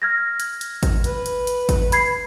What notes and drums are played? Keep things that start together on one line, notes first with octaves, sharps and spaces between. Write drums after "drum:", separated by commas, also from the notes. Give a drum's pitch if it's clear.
F6 G#6 A#6
drum: hi-hat
drum: hi-hat
drum: kick G#1, hi-hat
B4, drum: hi-hat
drum: hi-hat
drum: hi-hat
drum: kick G#1, hi-hat
B5 G#6 C7, drum: hi-hat